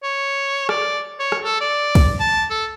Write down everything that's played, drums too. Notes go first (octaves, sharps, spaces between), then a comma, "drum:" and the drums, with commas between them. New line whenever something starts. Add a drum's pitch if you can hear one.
C#5
D5, drum: rim click
C#5
drum: rim click
A4
D5
drum: kick, cymbal
A5
A4